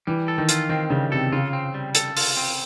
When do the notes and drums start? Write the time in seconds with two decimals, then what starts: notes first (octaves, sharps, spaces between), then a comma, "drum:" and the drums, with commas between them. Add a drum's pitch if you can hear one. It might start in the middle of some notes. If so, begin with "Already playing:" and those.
0.07 E3 G3
0.28 A4
0.38 D#3
0.49 F4, drum: hi-hat
0.69 D#3 C4
0.90 C#3 G3
1.12 C3 A4
1.32 C#3 F4
1.53 C4
1.74 G3
1.95 A4, drum: hi-hat
2.17 F4, drum: open hi-hat
2.37 C4